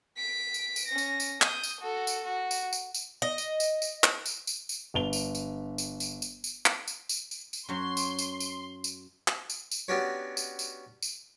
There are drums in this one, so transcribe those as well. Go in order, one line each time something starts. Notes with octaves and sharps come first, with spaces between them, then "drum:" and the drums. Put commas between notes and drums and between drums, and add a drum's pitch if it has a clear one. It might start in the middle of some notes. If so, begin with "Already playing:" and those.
B6 D7
drum: tambourine
drum: tambourine
C#4 A#6
drum: tambourine
drum: tambourine
D#6 G6, drum: clap
drum: tambourine
F#4 A4
drum: tambourine
F#4
drum: tambourine
drum: tambourine
drum: tambourine
D#5
drum: tambourine
drum: tambourine
drum: tambourine
drum: clap
drum: tambourine
drum: tambourine
drum: tambourine
G1 D4 F7 G7
drum: tambourine
drum: tambourine
drum: tambourine
drum: tambourine
drum: tambourine
drum: tambourine
drum: clap
drum: tambourine
drum: tambourine
drum: tambourine
drum: tambourine
F#2 F#3 C6
drum: tambourine
drum: tambourine
drum: tambourine
drum: tambourine
drum: clap
drum: tambourine
drum: tambourine
B3 C#4 D4 F#4 G4 C#5
drum: tambourine
drum: tambourine
drum: tambourine